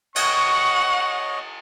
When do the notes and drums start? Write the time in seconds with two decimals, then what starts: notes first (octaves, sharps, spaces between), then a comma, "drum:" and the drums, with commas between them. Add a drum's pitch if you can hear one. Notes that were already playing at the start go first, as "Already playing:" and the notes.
0.16 C#5 D#5 F#5 C#6, drum: cymbal